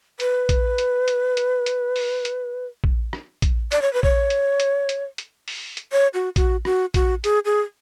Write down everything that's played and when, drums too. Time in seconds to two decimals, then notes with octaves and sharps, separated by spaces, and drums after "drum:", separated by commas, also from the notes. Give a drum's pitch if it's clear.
0.20 B4, drum: hi-hat
0.49 drum: kick, hi-hat
0.78 drum: hi-hat
1.08 drum: hi-hat
1.37 drum: hi-hat
1.66 drum: hi-hat
1.96 drum: open hi-hat
2.25 drum: hi-hat
2.84 drum: kick
3.13 drum: rim click
3.42 drum: kick, hi-hat
3.72 D5, drum: hi-hat
3.82 C#5
3.93 B4
4.03 C#5, drum: kick
4.30 drum: hi-hat
4.60 drum: hi-hat
4.89 drum: hi-hat
5.18 drum: hi-hat
5.48 drum: open hi-hat
5.77 drum: hi-hat
5.92 C#5
6.14 F#4
6.36 F#4, drum: kick, hi-hat
6.65 F#4, drum: rim click
6.94 F#4, drum: kick, hi-hat
7.24 G#4, drum: hi-hat
7.45 G#4